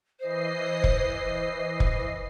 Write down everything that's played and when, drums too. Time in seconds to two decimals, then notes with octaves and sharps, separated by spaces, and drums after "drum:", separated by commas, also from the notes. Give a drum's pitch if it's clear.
0.19 E3 C5 D#5 C7
0.84 drum: kick
1.80 drum: kick